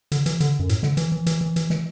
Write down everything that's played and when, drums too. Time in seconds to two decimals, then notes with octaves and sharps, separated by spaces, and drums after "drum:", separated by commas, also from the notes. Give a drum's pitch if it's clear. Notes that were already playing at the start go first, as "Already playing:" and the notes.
0.12 D3, drum: hi-hat
0.26 E3, drum: hi-hat
0.40 D3, drum: hi-hat
0.59 F#2
0.69 A2, drum: hi-hat
0.83 D3, drum: snare
0.97 E3, drum: hi-hat
1.12 E3
1.26 E3, drum: hi-hat
1.41 E3
1.56 E3, drum: hi-hat
1.70 E3, drum: snare